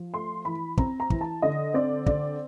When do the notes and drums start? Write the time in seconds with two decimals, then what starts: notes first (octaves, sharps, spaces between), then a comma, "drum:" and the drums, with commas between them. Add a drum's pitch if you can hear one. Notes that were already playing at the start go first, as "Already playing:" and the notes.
Already playing: F3
0.13 A3 C6
0.45 E3 B5
0.77 C4 A#5, drum: kick
1.00 A#5
1.10 E3, drum: kick
1.21 A5
1.42 D3 D#5
1.74 C4 D5
2.06 D3 D5, drum: kick